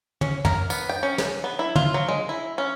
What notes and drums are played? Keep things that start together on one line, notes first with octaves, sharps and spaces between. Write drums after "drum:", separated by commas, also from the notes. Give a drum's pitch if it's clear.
C#4, drum: tom
A#4, drum: tom
B3, drum: tambourine
G5
C#4
drum: snare
B3
E4
F4, drum: tom
F#3
G#3
E4
C#4